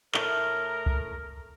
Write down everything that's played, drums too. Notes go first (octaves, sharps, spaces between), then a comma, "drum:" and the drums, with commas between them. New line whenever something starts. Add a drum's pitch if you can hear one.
A2 A#4, drum: clap
drum: kick